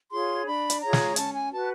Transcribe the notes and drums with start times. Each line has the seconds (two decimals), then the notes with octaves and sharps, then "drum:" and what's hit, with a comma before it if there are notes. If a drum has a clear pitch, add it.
0.11 F4 G#4 C#5 C6
0.46 D4 B5
0.70 drum: hi-hat
0.81 F4 G#4 C#5 A#5
0.93 drum: snare
1.16 C#4 A5, drum: hi-hat
1.34 G#5
1.51 F#4 B4 A5